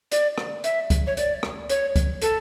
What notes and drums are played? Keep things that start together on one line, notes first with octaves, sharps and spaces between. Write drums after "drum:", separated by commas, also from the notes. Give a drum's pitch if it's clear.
D5, drum: hi-hat
drum: rim click
E5, drum: hi-hat
drum: kick C#2, hi-hat
C#5
D5, drum: hi-hat
drum: rim click
C#5, drum: hi-hat
drum: kick C#2, hi-hat
A4, drum: hi-hat